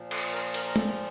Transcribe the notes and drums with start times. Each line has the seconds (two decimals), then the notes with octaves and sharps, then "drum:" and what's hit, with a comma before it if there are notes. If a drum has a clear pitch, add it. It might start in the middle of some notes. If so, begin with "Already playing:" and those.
Already playing: A#2 F3
0.11 A4, drum: cymbal
0.33 A#4
0.54 A#4, drum: cymbal
0.66 A#4
0.76 A4, drum: tom